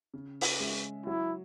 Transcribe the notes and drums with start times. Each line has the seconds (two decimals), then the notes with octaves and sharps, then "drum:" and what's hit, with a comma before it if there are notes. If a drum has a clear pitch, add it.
0.14 C#3
0.41 drum: open hi-hat
0.60 G#3 C#4 G#4 E5
1.06 F#3 E4